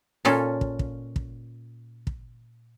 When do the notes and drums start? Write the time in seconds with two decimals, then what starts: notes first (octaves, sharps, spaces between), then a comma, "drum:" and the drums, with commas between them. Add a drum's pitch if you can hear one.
0.25 A#2 C#4 F4 A4, drum: snare D#4
0.61 drum: kick
0.79 drum: kick
1.16 drum: kick
2.07 drum: kick